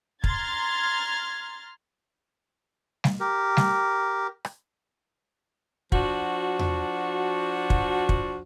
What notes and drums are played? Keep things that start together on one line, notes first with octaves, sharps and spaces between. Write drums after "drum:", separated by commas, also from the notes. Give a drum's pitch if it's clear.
A#5 C6 F6 G#6 A6, drum: kick
drum: snare G3
G4 A#4
drum: snare G3
drum: rim click
F3 D4 F#4, drum: kick
drum: tom E2
drum: kick
drum: kick